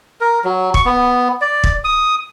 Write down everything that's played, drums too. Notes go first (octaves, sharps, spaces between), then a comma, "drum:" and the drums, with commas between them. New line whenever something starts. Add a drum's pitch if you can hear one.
A#4
F#3
C#6, drum: kick
B3
D5
drum: kick
D#6